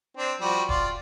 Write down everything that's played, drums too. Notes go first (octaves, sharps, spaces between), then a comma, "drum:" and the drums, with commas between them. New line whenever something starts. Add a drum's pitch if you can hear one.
C4 D4
F3 G3 F#4
F4 D5, drum: kick D#1